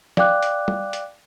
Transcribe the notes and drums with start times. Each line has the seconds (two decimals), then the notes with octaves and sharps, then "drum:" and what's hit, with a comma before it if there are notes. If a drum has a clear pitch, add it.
0.17 D5 F5 G5 D6 F#6, drum: snare
0.43 drum: hi-hat
0.68 drum: tom
0.93 drum: hi-hat